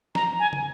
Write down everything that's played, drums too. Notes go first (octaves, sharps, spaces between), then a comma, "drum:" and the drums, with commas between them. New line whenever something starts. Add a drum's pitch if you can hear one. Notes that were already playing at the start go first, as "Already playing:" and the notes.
A#5, drum: snare
G#5
drum: tom